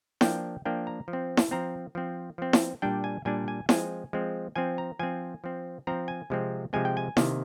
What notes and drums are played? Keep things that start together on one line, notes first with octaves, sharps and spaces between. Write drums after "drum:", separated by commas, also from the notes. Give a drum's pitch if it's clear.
F3 A#3 D4 G5, drum: snare E4
F3 A#3 D4 G5
A#5
F3
C4
drum: snare E4
F3 C4 A#5
F3 C4
F3 C4
drum: snare E4
A#2 G3 D4 G5
G#5
A#2 G3 D4 G#5
G#5
F3 G#3 C4 G#5, drum: snare E4
F3 G#3 C4
F3 C4 G#5
A#5
F3 C4 G#5
F3 C4
F3 C4 A#5
G#5
C3 F3 G#3 C4
C3 F3 G#3 C4 G#5
G5
G#5
C3 D#3 A#3, drum: snare E4